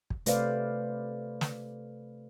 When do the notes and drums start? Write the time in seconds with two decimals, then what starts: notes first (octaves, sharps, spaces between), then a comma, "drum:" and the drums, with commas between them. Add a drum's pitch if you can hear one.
0.10 drum: kick
0.26 C3 A3 B4 C5 D5 F5, drum: hi-hat
1.41 drum: snare